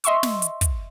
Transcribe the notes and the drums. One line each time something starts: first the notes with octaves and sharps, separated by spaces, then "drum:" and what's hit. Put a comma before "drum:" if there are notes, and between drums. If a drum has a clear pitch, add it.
D#5 E5 C6 C#6 E6, drum: hi-hat
drum: snare
drum: hi-hat
drum: kick, hi-hat